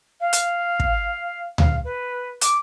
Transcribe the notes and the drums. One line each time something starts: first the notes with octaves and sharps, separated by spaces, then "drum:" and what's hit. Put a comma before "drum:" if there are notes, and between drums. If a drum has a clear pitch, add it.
F5
drum: hi-hat
drum: kick
F5, drum: tom D2
B4
D6, drum: hi-hat